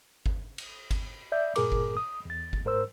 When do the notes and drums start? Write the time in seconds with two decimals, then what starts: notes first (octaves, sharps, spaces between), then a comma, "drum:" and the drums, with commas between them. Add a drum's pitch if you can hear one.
0.26 drum: kick G1
0.58 drum: cymbal
0.91 drum: kick G1, cymbal
1.32 D5 E5 G6
1.56 G2 A#2 G#4 A#4 D6, drum: cymbal
1.72 drum: kick G1
1.97 D#6
2.25 E2 A6
2.53 drum: kick G1
2.65 G#2 A#4 C5 E6